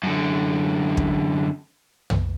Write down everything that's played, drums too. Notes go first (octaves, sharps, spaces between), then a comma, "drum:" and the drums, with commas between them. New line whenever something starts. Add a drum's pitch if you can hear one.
F#2 D3
drum: kick
drum: tom